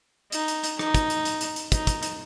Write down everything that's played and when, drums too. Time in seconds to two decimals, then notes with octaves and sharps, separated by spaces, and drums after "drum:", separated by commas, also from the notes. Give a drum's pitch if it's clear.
0.32 D#4, drum: hi-hat
0.48 drum: hi-hat
0.64 drum: hi-hat
0.79 D#4, drum: rim click
0.94 drum: kick, hi-hat
1.10 drum: hi-hat
1.25 drum: hi-hat
1.41 drum: hi-hat
1.56 drum: hi-hat
1.72 D#4, drum: kick, hi-hat
1.87 drum: kick, hi-hat
2.03 drum: hi-hat